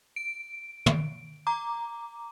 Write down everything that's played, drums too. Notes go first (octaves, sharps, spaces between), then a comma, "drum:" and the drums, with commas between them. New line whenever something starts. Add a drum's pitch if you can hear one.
D7
drum: tom
A#5 D6